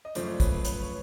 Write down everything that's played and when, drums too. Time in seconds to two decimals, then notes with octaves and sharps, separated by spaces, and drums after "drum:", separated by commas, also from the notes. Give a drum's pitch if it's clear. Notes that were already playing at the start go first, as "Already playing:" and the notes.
0.05 D#5
0.15 F#2 C#3 F3 A3 C5 D5, drum: hi-hat
0.40 B4 C#5, drum: kick, hi-hat
0.65 B4 C#5, drum: hi-hat
0.84 C#5